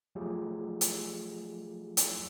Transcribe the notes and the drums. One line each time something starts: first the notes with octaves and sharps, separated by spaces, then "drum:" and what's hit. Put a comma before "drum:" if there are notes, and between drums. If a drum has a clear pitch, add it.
F3 F#3 A3 F4 G4 G#4
drum: hi-hat
drum: hi-hat